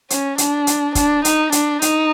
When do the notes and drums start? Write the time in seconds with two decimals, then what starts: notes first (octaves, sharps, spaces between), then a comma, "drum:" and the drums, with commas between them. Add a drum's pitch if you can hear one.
0.10 C#4, drum: hi-hat
0.38 D4, drum: hi-hat
0.67 drum: hi-hat
0.95 D4, drum: kick, hi-hat
1.25 D#4, drum: hi-hat
1.52 D4, drum: hi-hat
1.82 D#4, drum: hi-hat